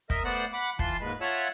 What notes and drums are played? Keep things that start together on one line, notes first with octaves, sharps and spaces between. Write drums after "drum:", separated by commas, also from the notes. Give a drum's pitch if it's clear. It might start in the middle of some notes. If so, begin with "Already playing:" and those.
A#4 D#5 E5, drum: kick
A3 B3 C5 D5 F#5
F#5 B5 D6
E3 F4 A5 C6, drum: kick
D#2 G#2 G#3 B4
F4 C#5 E5 F#5 A5 E6